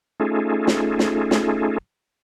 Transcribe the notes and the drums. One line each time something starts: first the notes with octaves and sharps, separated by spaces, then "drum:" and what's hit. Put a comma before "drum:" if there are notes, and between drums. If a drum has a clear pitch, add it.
A3 C#4 D#4 F4 G#4 A4
drum: snare
drum: snare
drum: snare